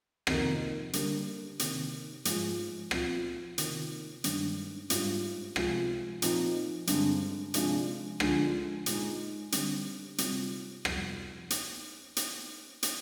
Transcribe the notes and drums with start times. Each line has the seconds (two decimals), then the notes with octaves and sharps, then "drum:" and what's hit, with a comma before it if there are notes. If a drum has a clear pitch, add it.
0.27 F2 C3 D#3 A#3 D#4, drum: rim click
0.93 D3 G3 A#3, drum: hi-hat
1.59 C3 D#3 A#3, drum: hi-hat
2.25 G#2 F3 G#3, drum: hi-hat
2.91 A#2 F3 C4 F4, drum: rim click
3.58 C3 D#3 A#3 F4, drum: hi-hat
4.24 G2 D#3 G#3 D4, drum: hi-hat
4.90 G#2 G3 D4 F4, drum: hi-hat
5.56 C3 F3 G#3 C4 F4, drum: rim click
6.22 A#2 F3 C4 D#4, drum: hi-hat
6.87 G2 D3 G#3 C4, drum: hi-hat
7.54 C3 F3 G#3 D4 F4, drum: hi-hat
8.20 D3 F3 G#3 D4, drum: rim click
8.86 A#2 G#3 D#4, drum: hi-hat
9.52 D3 G3 C4, drum: hi-hat
10.18 C3 G3 C4 F4, drum: hi-hat
10.85 F2 C3 G3, drum: rim click
11.50 drum: hi-hat
12.16 drum: hi-hat
12.83 drum: hi-hat